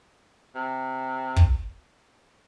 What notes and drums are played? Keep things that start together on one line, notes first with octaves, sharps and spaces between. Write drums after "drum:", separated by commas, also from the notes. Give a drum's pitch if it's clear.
C3
drum: kick